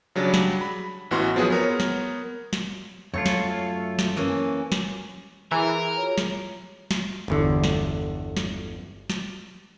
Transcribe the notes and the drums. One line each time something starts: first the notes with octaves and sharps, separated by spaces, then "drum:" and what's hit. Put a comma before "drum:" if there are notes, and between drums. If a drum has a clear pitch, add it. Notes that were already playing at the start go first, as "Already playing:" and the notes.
C#3 F#3 G3 D4
drum: snare
B5
A1 E3 B3 F#4 C6 F6
F3 F#3 B3 G#4 B4
B3 A#4 C#5
drum: snare
drum: snare
F#2 A3 F4 C#5
drum: snare
drum: snare
E3 A#3 C#4
drum: snare
E3 G#4 A#4 E5
F4 F#4 C#5
drum: snare
drum: snare
G1 E2 D3
drum: snare
drum: snare
drum: snare